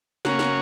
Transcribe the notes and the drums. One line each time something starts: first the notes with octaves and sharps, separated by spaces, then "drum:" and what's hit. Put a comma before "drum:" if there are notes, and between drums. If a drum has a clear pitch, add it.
C#3 A#3 C#4 F#4, drum: snare
drum: snare